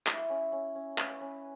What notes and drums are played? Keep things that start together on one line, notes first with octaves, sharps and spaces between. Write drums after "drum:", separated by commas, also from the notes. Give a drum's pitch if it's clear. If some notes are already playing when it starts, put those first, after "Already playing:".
E4, drum: clap
C#4
C#4
C#4
B4, drum: clap
C#4